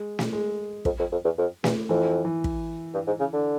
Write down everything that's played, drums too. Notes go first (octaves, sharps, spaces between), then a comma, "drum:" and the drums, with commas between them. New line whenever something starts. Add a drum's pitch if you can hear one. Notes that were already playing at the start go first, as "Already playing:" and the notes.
Already playing: G#3
drum: snare
G#3
F2, drum: kick
F2
F2
E2
F2
E2, drum: snare
F2 E3
E3
drum: kick
G2
G#2
C#3
D3